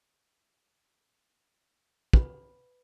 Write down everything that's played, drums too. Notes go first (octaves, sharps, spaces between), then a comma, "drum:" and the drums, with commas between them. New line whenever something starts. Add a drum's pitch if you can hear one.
B4 B5, drum: kick